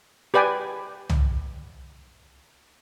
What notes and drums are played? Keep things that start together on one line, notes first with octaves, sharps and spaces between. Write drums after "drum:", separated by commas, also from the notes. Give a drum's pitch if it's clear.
G4 B4 D5 G5 G#5
drum: tom C2